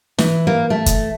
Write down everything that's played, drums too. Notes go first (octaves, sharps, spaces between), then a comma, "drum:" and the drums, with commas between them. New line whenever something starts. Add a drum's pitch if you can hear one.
E3, drum: snare
A#3
A3
drum: kick, hi-hat